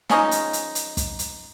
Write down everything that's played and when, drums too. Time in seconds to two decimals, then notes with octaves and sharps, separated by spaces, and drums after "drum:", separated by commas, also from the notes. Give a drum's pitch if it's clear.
0.09 F3 G#3 C#4 D#4, drum: snare
0.31 drum: hi-hat
0.53 drum: hi-hat
0.75 drum: hi-hat
0.97 drum: kick, hi-hat
1.19 drum: hi-hat